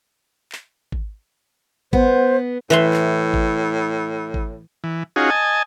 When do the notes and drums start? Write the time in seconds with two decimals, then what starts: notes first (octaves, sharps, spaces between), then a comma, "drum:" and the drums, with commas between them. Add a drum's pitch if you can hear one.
0.52 drum: clap
0.92 drum: kick G#1
1.93 B3 C5, drum: kick G#1
2.70 A2 E3 E5 C6
2.93 drum: clap
3.34 drum: kick G#1
4.34 drum: kick G#1
4.84 E3
5.16 C#4 D#4 F4 F#4 G#4
5.30 D#5 G#5 A5